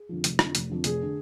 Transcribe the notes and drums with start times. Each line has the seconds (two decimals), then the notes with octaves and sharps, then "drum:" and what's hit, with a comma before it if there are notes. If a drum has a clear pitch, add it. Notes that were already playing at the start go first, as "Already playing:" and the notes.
Already playing: G#4
0.09 F2 D3 F3
0.24 F1, drum: hi-hat
0.39 F2 D3 F3, drum: rim click
0.55 F1, drum: hi-hat
0.69 F2 D3
0.84 F1 G#4, drum: hi-hat
1.02 D3